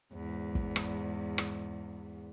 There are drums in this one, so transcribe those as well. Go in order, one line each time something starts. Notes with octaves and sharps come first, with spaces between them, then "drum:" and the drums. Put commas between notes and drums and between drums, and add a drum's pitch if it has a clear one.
E2 G#2
drum: kick
drum: rim click
drum: rim click